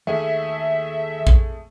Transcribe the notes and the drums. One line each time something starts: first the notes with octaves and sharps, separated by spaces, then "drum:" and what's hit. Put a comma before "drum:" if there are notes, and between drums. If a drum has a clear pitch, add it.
D#2 A3 G#4 E5
drum: kick A#1